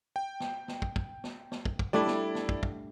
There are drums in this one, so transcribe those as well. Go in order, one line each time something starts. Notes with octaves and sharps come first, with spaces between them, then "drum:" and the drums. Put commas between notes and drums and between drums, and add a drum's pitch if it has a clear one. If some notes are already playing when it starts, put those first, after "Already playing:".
G5
drum: snare
drum: snare
drum: kick
drum: kick
drum: snare
drum: snare
drum: kick
drum: kick
G3 A3 D4 E4 D5
drum: snare
drum: snare
drum: kick
drum: kick